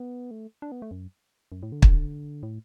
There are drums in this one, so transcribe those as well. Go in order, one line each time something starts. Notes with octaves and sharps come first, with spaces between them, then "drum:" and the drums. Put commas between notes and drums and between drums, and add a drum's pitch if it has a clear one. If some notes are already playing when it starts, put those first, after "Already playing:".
Already playing: B3
A3
D4
B3
A3
F#2
F#2
A2
D3
drum: kick
A2